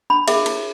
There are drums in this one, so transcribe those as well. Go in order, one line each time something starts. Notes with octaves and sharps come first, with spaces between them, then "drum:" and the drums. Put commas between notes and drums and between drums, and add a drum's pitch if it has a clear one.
D4 B5
G#4 E5, drum: cymbal
E4, drum: cymbal